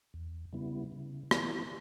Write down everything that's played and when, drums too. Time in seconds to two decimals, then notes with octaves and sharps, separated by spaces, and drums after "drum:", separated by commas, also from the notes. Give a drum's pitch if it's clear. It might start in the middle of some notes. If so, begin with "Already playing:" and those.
0.14 E2
0.53 C#3 G3 B3 E4
0.92 C#3
1.31 E3 B3 E4, drum: rim click